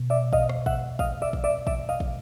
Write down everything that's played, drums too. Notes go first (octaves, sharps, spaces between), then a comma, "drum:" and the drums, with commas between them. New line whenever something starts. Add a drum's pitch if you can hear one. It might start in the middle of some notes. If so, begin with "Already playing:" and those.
Already playing: B2
D5 E5
D#5 F5, drum: kick
drum: rim click
E5 F#5, drum: kick
D#5 F5, drum: kick
D5 E5
drum: kick
D5 E5
D5 E5, drum: kick
D#5 F5
drum: kick